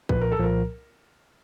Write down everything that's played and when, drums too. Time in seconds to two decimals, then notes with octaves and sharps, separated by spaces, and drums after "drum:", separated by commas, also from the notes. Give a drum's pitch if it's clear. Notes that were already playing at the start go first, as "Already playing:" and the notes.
0.09 C2 A#2 F3 B4, drum: kick
0.21 A#4
0.32 A4
0.38 C2 A#2 F3 A#4